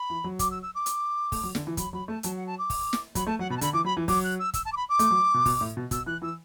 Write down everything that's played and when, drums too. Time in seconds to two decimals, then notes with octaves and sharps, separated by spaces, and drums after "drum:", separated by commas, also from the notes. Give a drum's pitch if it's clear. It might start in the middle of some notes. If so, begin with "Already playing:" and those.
Already playing: B5
0.10 E3
0.24 F#3
0.39 D6, drum: kick, hi-hat
0.51 E6
0.62 E6
0.75 D6
0.86 drum: hi-hat
1.32 A3, drum: kick, open hi-hat
1.43 F#3
1.55 D3, drum: snare
1.67 E3
1.77 F#3 B5, drum: kick, hi-hat
1.93 F#3 B5
2.08 A3 A5
2.23 F#3 A5, drum: hi-hat
2.35 F#5
2.47 A5
2.58 D6
2.70 drum: kick, open hi-hat
2.93 drum: snare
3.15 F#3 B5, drum: kick, hi-hat
3.27 A3 A5
3.39 F#3 F#5
3.50 B2 B5
3.57 A5
3.61 D3 B5, drum: hi-hat
3.73 E3 D6
3.85 F#3 B5
3.97 E3
4.08 F#3 D6, drum: kick, open hi-hat
4.24 F#6
4.39 E6
4.54 E6, drum: kick, hi-hat
4.65 A5
4.72 D6
4.76 B5
4.89 D6
4.99 A3, drum: hi-hat
5.11 F#3
5.34 B2
5.46 B2, drum: kick, open hi-hat
5.61 A2
5.77 B2
5.91 B2 E6, drum: kick, hi-hat
6.06 E3 F#6
6.22 E3 E6